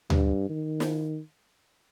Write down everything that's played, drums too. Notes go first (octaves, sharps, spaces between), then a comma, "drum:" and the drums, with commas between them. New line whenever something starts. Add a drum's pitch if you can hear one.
G2, drum: tom D2
D#3
drum: snare